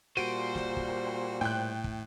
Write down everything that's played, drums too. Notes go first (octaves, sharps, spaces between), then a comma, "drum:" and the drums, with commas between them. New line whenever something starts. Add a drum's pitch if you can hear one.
A#2 G3 F#4 C5 D7 D#7
drum: snare
drum: kick
A2 G5 F#6
drum: kick